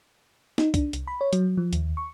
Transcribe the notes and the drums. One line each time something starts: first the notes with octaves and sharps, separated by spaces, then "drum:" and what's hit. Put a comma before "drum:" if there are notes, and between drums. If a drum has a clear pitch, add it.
D#4, drum: snare
D4, drum: kick, hi-hat
C2, drum: hi-hat
B5
C#5
F#3, drum: hi-hat
F3
D#2, drum: hi-hat
C#6